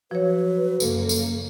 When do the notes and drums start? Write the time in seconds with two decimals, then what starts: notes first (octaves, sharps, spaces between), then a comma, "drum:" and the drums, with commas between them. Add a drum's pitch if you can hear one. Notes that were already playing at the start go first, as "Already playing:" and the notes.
0.11 F3 F#3 B4 C#5
0.80 F#2 C#3 A#3 A4, drum: tambourine
1.09 drum: tambourine